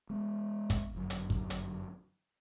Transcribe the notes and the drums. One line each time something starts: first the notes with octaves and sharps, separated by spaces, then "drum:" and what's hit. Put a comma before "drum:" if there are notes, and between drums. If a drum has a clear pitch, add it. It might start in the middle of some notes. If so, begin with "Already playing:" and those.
G#3 B3
drum: kick, hi-hat
G1 F#2
drum: hi-hat
drum: kick
drum: hi-hat